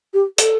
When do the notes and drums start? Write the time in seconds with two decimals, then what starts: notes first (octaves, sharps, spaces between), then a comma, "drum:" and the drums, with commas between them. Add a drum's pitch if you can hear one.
0.14 G4
0.38 A4, drum: hi-hat